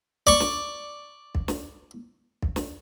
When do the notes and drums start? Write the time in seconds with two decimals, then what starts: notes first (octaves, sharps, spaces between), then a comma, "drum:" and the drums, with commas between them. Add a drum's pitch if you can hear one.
0.27 D5 C#6, drum: kick
0.40 drum: snare
1.35 drum: kick
1.48 drum: snare
2.42 drum: kick
2.56 drum: snare